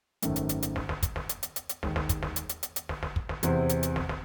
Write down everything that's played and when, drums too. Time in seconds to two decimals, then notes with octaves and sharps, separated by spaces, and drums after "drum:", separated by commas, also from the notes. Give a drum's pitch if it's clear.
0.22 G#1 F#2 D#3 A3, drum: hi-hat
0.36 drum: hi-hat
0.49 drum: hi-hat
0.63 drum: hi-hat
0.76 drum: snare
0.89 drum: snare
1.03 drum: kick, hi-hat
1.16 drum: snare
1.29 drum: hi-hat
1.43 drum: hi-hat
1.56 drum: hi-hat
1.69 drum: hi-hat
1.83 D#2 D#3 G#3, drum: snare
1.96 drum: snare
2.09 drum: kick, hi-hat
2.23 drum: snare
2.36 drum: hi-hat
2.49 drum: hi-hat
2.63 drum: hi-hat
2.76 drum: hi-hat
2.89 drum: snare
3.03 drum: snare
3.16 drum: kick
3.29 drum: snare
3.43 E2 C3 E3 C4, drum: hi-hat
3.69 drum: hi-hat
3.83 drum: hi-hat
3.96 drum: snare
4.09 drum: snare